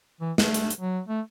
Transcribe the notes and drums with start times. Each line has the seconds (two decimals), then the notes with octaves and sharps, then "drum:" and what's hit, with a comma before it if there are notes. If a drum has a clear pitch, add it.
0.21 E3
0.38 A3, drum: snare
0.54 drum: hi-hat
0.71 drum: hi-hat
0.80 F#3
1.08 A3